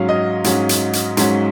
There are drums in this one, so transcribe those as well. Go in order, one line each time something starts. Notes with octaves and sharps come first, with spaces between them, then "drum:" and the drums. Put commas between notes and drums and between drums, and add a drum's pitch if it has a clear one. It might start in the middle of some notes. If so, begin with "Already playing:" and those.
Already playing: G#2 F#3 C#4 F5
D#5
G#2 F#3 C#4, drum: hi-hat
drum: hi-hat
drum: hi-hat
G#2 F#3 C#4, drum: hi-hat